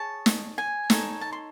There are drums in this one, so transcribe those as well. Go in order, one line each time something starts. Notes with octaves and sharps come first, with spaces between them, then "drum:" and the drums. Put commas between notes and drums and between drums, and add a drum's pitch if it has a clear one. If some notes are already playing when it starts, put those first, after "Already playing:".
Already playing: G#4 C#5 A5
drum: snare
G#5
D#4 A4 C#5, drum: snare
A5
C6